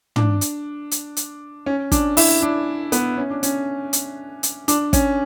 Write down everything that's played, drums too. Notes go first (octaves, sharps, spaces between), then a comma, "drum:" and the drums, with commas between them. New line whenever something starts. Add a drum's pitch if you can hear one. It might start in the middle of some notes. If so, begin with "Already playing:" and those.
D4, drum: tom
drum: hi-hat
drum: hi-hat
drum: hi-hat
C#4
D4, drum: kick, hi-hat
E4, drum: open hi-hat
D4
B3, drum: hi-hat
C#4
D4
C#4, drum: hi-hat
drum: hi-hat
drum: hi-hat
D4, drum: hi-hat
C#4, drum: kick, hi-hat